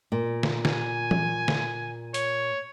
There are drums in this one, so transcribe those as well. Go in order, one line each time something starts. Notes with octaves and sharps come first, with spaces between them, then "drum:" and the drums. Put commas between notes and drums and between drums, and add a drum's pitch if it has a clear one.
A#2
drum: snare
G#5, drum: snare
drum: tom E3
drum: snare
C#5, drum: hi-hat